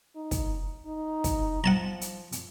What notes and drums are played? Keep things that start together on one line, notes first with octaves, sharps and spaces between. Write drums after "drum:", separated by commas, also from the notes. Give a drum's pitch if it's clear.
D#4
drum: kick, hi-hat
D#4
drum: kick, hi-hat
F3 F#5 A5 A#5
drum: hi-hat
drum: hi-hat